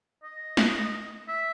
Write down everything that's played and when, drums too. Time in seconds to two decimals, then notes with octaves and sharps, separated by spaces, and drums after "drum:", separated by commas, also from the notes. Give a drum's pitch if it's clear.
0.24 D#5
0.57 drum: snare
1.28 E5